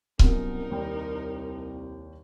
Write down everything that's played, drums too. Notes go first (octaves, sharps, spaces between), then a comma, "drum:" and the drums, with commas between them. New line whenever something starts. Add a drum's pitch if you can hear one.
C2 F#2 B2 D#4 A#4, drum: kick C#1
D#2 G3 G5